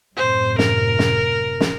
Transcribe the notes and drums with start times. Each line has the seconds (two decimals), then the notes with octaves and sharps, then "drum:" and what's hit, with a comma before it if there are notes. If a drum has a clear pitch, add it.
0.17 F#2 A2 C3 C5
0.59 A#4, drum: snare
0.99 drum: snare
1.60 drum: snare